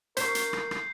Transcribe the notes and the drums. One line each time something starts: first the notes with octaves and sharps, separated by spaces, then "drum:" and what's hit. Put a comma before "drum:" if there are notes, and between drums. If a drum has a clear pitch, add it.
A#4 C5 C#6 G6 B6 C7, drum: hi-hat
drum: hi-hat
drum: rim click
drum: rim click